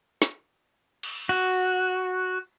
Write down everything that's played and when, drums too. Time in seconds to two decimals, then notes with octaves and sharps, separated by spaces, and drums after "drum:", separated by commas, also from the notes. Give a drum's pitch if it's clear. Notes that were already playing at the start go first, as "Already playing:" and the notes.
0.22 drum: snare
1.03 drum: cymbal
1.29 F#4, drum: hi-hat